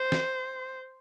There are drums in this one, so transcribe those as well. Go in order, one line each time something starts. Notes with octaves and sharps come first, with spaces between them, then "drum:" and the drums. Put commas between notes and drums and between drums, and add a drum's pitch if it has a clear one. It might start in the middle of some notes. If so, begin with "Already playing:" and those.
Already playing: C5
drum: snare